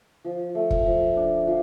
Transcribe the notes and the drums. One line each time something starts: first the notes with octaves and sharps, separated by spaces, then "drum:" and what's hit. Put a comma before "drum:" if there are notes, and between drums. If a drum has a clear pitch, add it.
F3
A3
drum: kick
F3
D4
F3